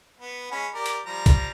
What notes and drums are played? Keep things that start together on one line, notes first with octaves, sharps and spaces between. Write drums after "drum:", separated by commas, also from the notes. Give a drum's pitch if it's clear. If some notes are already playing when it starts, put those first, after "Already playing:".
B3
G#3 C#4 B5
G4 A#4 D5
drum: hi-hat
F3 G3 A#5
drum: kick, hi-hat